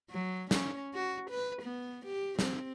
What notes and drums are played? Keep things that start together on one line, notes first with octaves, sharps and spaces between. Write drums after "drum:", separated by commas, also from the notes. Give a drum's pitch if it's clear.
F#3
C#4, drum: snare
F#4
B4
B3
G4
C4, drum: snare